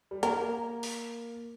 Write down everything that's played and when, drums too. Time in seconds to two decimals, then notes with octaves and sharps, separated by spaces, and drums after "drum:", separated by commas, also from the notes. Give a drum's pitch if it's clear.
0.11 G3
0.23 A#3 A#4, drum: hi-hat
0.83 drum: open hi-hat